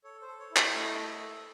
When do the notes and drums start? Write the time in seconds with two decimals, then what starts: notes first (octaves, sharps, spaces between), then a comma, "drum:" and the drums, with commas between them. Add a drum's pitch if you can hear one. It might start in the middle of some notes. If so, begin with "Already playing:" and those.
0.04 A4 C#5
0.22 C5
0.28 A4
0.39 C#5
0.51 E4
0.56 D5, drum: clap
0.75 A3 D#5
0.99 A4
1.22 A4